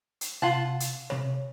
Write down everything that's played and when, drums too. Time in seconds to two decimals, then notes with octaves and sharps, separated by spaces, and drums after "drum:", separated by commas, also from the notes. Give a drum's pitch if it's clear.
0.21 drum: hi-hat
0.42 C3 F4 F#5 A5
0.80 drum: hi-hat
1.10 C3 C#5, drum: rim click